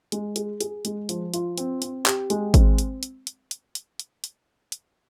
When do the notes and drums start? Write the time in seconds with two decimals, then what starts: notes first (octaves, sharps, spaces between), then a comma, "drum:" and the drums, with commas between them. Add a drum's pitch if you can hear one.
0.12 G#3, drum: hi-hat
0.36 G#4, drum: hi-hat
0.61 G#4, drum: hi-hat
0.85 G#3, drum: hi-hat
1.09 F3, drum: hi-hat
1.34 F4, drum: hi-hat
1.58 C4, drum: hi-hat
1.82 C4, drum: hi-hat
2.06 G4, drum: clap
2.30 G#3, drum: hi-hat
2.54 C4, drum: kick G#1, hi-hat
2.78 drum: hi-hat
3.03 drum: hi-hat
3.27 drum: hi-hat
3.51 drum: hi-hat
3.75 drum: hi-hat
4.00 drum: hi-hat
4.24 drum: hi-hat
4.72 drum: hi-hat